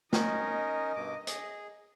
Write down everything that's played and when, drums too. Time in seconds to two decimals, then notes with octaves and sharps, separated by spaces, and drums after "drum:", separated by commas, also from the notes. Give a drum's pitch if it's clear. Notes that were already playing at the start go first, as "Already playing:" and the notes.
0.13 C#4 D#4 A#4 D#5, drum: snare
0.96 G2 B2 D6
1.27 G#4, drum: hi-hat